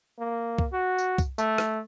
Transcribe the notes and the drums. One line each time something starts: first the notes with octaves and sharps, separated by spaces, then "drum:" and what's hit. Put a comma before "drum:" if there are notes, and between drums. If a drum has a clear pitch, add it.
A#3
drum: kick C2
F#4
drum: tambourine
drum: kick C2, tambourine
A3, drum: tambourine
drum: rim click